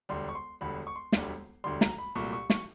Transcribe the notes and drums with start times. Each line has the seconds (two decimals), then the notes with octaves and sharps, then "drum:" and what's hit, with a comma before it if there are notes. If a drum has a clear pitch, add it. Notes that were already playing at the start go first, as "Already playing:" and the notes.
0.09 E1 D2 D3 G3 C6
0.29 C#6
0.35 C6
0.61 E1 D2 D3 G3 B5
0.87 C#6
0.96 C6
1.12 E1 D2 D3 G3, drum: snare
1.64 E1 D2 D3 G3 C6
1.81 A#5, drum: snare
1.98 B5
2.15 C2 A#2 F#3 A3 C#6
2.33 C#6
2.50 C#6, drum: snare